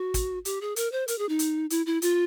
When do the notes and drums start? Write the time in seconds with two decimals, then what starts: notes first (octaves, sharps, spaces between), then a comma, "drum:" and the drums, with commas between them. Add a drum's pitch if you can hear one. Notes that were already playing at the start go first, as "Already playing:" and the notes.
Already playing: F#4
0.14 drum: kick, hi-hat
0.45 G4, drum: hi-hat
0.61 G#4
0.76 A#4, drum: hi-hat
0.92 C5
1.08 A#4, drum: hi-hat
1.18 G#4
1.29 D#4
1.39 drum: hi-hat
1.70 E4, drum: hi-hat
1.86 E4
2.02 F4, drum: hi-hat